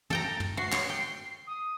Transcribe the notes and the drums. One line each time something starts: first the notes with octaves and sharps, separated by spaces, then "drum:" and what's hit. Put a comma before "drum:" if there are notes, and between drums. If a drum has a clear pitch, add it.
A4 G5 A#5 A6, drum: tom
drum: tom
F#4 C7
C#5, drum: clap
G5
D#6